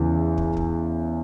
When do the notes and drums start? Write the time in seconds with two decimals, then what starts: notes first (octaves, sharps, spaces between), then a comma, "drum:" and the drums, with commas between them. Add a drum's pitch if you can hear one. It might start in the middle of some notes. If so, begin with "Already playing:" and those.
Already playing: E2 C#3 E3
0.38 drum: kick
0.57 drum: kick